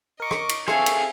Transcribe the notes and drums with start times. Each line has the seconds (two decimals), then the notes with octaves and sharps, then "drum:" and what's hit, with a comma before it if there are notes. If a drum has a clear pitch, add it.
0.20 A#4 D#5 C#6 D6
0.31 drum: rim click
0.49 drum: cymbal
0.68 C4 G#4 A4 E5 F5 G#5, drum: rim click
0.86 drum: cymbal